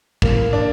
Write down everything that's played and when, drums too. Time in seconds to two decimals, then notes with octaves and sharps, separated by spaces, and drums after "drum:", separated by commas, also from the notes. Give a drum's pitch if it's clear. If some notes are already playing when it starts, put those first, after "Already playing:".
0.22 A2 A#3, drum: kick
0.53 D4